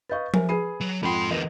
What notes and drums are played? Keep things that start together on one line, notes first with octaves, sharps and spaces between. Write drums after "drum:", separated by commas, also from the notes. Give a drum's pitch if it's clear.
B4 D#5 F5 C#6 G6 A6
A#4 C5 E5 G#5, drum: tom F3
G#4 B4 B5 C7 D#7
F#3
F2 G#2 F#5 G5 B5 C6
E2 D3 A#4 B4 D#5 A#6